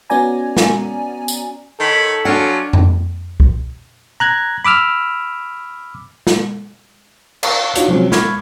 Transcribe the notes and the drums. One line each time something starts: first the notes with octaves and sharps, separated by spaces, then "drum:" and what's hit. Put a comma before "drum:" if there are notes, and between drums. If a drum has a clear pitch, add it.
B3 C#4 F#4 D5 G#5 A#5
drum: snare
drum: tambourine
D#3 A4 C#5 B5
F#3 C#4 D4 F4 F#5
drum: tom F2
drum: kick C2
A#5 F#6 G#6
B5 D6 E6 F6
drum: snare
D5 F5 A5 A#5 C#6, drum: cymbal
D4 D#4 F4 F#4 C#5 F5, drum: hi-hat
C3 F3 F#3 G#3 C4 C#4
B5 C#6 D6 F6 G#6, drum: snare